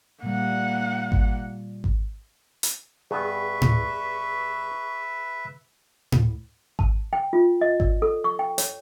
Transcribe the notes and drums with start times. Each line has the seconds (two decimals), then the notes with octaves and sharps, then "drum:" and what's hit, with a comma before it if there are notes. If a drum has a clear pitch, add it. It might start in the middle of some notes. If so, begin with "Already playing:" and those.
0.23 A#2 G3 A#3 F#5
1.12 drum: kick G#1
1.84 drum: kick G#1
2.63 drum: hi-hat
3.11 G2 B3 G#4 B4 E5 C#6
3.62 drum: tom A2
6.12 drum: tom A2
6.79 A5, drum: kick G#1
7.13 G5
7.33 F4
7.61 D#5
7.80 D5, drum: kick G#1
8.02 A4
8.24 C#6
8.39 G5
8.58 C#5, drum: hi-hat